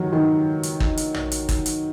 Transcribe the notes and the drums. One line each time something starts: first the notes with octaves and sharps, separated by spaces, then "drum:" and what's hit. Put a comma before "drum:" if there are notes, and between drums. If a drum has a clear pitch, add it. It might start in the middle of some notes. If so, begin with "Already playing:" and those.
Already playing: D#3 F#3
D#3
drum: hi-hat
drum: kick
drum: hi-hat
drum: tom
drum: hi-hat
drum: kick, hi-hat
drum: hi-hat